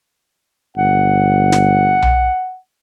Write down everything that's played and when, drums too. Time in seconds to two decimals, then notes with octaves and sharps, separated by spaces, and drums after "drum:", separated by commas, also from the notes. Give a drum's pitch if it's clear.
0.77 G1 F#5
1.52 drum: snare
2.02 drum: tom B1